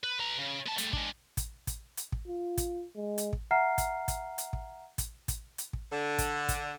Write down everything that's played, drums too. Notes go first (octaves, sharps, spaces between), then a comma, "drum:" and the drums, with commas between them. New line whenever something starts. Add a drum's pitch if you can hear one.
B4
B4 A#5
C#3
B3 A5
G3 A3, drum: hi-hat
G#3 D4, drum: kick
drum: kick, hi-hat
drum: kick, hi-hat
drum: hi-hat
drum: kick
F4
drum: kick, hi-hat
G#3
drum: hi-hat
drum: kick
E5 F#5 A#5 F6 C7
drum: kick, hi-hat
drum: kick, hi-hat
drum: hi-hat
drum: kick
drum: kick, hi-hat
drum: kick, hi-hat
drum: hi-hat
drum: kick
D3
drum: kick, hi-hat
drum: kick, hi-hat